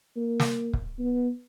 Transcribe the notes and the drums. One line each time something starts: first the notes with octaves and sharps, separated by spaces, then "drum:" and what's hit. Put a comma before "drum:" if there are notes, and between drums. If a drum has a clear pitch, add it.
A#3
drum: snare
drum: kick
B3